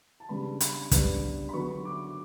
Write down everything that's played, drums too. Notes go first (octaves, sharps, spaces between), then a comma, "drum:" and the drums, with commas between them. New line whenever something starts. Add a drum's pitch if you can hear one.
A5
C#3 G3 B3 D4 B5
B5, drum: hi-hat
C#3 G3 B3 D4, drum: kick, hi-hat
B5
D3 F#3 B3 C#6
D6